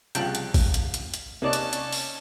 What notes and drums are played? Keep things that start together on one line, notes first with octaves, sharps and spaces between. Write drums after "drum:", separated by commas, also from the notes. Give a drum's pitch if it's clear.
C2 C#3 F3 G5 A5 F#6, drum: hi-hat
drum: hi-hat
drum: kick, open hi-hat
drum: hi-hat
drum: hi-hat
drum: hi-hat
C3 A#3 C#4 D#4 C#5 D5 A5 F#6
drum: hi-hat
drum: hi-hat
drum: open hi-hat